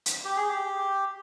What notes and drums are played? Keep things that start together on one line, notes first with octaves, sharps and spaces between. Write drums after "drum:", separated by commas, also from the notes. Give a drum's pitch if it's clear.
drum: hi-hat
G4
G#4
G4